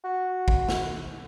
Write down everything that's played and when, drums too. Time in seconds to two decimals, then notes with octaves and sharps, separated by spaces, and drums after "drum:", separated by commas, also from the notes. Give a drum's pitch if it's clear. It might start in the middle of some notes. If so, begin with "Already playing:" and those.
0.04 F#4
0.48 drum: kick
0.69 drum: snare